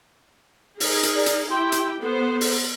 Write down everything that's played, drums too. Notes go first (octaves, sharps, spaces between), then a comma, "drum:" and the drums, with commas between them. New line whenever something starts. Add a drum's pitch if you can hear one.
D#4 G#4 A#4, drum: open hi-hat
drum: hi-hat
D5
drum: hi-hat
E4 G4 G5 C6
drum: hi-hat
B3 A4 C5
drum: open hi-hat